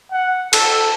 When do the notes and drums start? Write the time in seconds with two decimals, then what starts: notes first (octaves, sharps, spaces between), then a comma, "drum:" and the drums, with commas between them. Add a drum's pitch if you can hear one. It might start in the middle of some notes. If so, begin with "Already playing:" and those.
0.12 F#5
0.53 A4, drum: cymbal